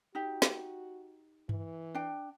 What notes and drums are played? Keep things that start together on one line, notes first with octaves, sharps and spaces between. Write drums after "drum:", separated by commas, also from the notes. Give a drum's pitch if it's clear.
D#4 F#4 G4
drum: snare
E3, drum: tom G2
D4 G5